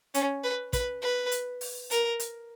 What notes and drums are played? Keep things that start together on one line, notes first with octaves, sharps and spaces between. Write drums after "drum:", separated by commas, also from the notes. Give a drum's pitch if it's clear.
C#4, drum: hi-hat
B4
B4, drum: kick, hi-hat
B4
drum: hi-hat
drum: open hi-hat
A#4, drum: hi-hat
drum: hi-hat